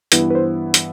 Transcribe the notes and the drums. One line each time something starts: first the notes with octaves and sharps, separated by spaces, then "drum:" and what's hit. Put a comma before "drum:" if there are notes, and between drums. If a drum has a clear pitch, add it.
G2 E3 B3 E4 B4, drum: hi-hat
B4
C5
drum: hi-hat